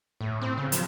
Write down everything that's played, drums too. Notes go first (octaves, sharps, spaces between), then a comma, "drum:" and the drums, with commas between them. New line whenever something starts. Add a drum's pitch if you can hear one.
A2
C4
C#3
F3, drum: hi-hat